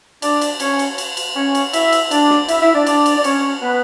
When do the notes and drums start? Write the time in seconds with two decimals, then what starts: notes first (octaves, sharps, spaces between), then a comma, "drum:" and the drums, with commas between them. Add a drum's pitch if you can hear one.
0.22 D4 D5, drum: cymbal
0.41 drum: cymbal
0.60 C#4 C#5, drum: cymbal
0.79 drum: cymbal
0.98 drum: cymbal
1.17 drum: cymbal
1.36 C#4 C#5
1.55 drum: cymbal
1.73 E4 E5, drum: cymbal
1.92 drum: cymbal
2.11 D4 D5, drum: cymbal
2.30 drum: snare
2.49 E4 E5, drum: cymbal
2.61 E4 E5
2.75 D4 D5
2.87 D4 D5, drum: cymbal
3.06 drum: cymbal
3.17 D5
3.24 C#4 C#5, drum: cymbal
3.62 B3 B4